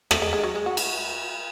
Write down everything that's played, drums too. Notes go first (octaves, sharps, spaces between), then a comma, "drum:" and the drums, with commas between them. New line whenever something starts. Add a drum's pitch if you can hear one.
A3, drum: rim click
G#3
G#3
F#3
G#3
F#4
drum: cymbal